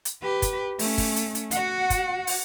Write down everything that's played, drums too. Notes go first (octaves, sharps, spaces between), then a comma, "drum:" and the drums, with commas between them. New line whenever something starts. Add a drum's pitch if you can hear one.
drum: hi-hat
G4 B4
drum: kick, hi-hat
A3 C#4, drum: open hi-hat
drum: kick, open hi-hat
drum: hi-hat
drum: hi-hat
F#4 F#5, drum: hi-hat
drum: kick, hi-hat
drum: open hi-hat